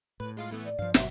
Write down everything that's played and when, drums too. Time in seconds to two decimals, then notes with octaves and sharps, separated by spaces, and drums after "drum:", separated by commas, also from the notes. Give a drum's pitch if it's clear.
0.20 A2 B4
0.37 G#3 F4 F5
0.51 E3 A3 B3
0.65 D5
0.79 G2 F3 F5
0.94 G1 B2 F#3 C5 E5, drum: snare